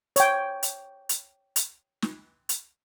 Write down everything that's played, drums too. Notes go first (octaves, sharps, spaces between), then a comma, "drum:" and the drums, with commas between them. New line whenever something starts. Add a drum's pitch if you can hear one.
C#5 G5, drum: hi-hat
drum: hi-hat
drum: hi-hat
drum: hi-hat
drum: snare
drum: hi-hat